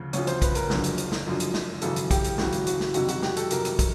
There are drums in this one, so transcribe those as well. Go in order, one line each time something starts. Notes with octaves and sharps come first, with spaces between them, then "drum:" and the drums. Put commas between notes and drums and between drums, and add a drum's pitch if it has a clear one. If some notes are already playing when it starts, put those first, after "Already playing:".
Already playing: D2 C#3 F3
D2 C#3 F3 C#5, drum: hi-hat
C5, drum: hi-hat
B4, drum: kick, hi-hat
A#4, drum: hi-hat
F#1 F#2 D3 F3, drum: snare
drum: hi-hat
drum: hi-hat
drum: snare
F#1 F#2 D3 F3
drum: hi-hat
drum: snare
G#1 F#2 C#3 E3 A4, drum: hi-hat
drum: hi-hat
G4, drum: kick, hi-hat
drum: hi-hat
G#1 F#2 C#3 E3 F#4, drum: snare
drum: hi-hat
F#4, drum: hi-hat
drum: snare
F2 C3 D#3 F#3 F#4, drum: hi-hat
F#4, drum: hi-hat
G4, drum: snare
A4, drum: hi-hat
F2 C3 D#3 F#3 A#4, drum: hi-hat
drum: hi-hat
drum: kick, hi-hat